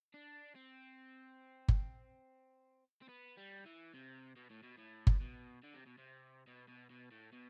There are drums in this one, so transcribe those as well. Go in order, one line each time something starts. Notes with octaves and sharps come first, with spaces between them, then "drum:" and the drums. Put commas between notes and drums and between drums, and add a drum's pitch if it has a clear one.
D4
C4
drum: kick G1
C4
B3
G3
E3
C3
B2
A2
B2
A2
drum: kick G1
B2
D3
C3
B2
C3
B2
B2
B2
A2
B2